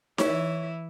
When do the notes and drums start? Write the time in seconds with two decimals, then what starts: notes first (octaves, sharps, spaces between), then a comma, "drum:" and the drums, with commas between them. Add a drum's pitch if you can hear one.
0.18 E3 E4 C#5, drum: snare D#4